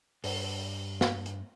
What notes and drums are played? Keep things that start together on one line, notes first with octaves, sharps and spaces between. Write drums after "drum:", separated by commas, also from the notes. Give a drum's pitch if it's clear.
G2, drum: open hi-hat
drum: snare
drum: hi-hat